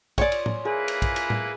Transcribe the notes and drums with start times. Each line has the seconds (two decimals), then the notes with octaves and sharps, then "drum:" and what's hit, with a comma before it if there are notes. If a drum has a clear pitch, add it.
0.18 C#5 D5 G#5 C6 D#6, drum: kick, cymbal
0.32 drum: cymbal
0.46 drum: tom
0.65 A#3 E4 G#4 B4
0.88 drum: cymbal
1.02 drum: kick, cymbal
1.16 drum: cymbal
1.30 drum: tom A2